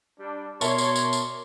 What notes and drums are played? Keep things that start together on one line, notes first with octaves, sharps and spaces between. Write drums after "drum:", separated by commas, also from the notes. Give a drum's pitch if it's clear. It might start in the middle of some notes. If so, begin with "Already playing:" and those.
G3 D4
B2 A#4 C#5 D5 E5 A5 C6, drum: tambourine
drum: tambourine
drum: tambourine
drum: tambourine